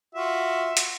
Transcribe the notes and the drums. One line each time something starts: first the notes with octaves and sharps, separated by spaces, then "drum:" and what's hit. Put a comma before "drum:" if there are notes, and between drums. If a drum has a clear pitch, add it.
F4 F#4 E5
drum: hi-hat